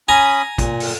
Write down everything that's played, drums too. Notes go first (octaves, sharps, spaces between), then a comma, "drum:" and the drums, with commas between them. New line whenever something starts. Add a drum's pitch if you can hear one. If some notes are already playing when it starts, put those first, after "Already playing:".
C#4 G#5 A#5 B5 D#6
A#2, drum: kick, hi-hat
drum: open hi-hat